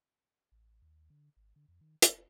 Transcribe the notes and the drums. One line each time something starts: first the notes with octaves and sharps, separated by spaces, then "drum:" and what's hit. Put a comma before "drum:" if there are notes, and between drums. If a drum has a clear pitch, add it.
A1
D#2
D3
G#1
D3
F2
D#3
F1, drum: hi-hat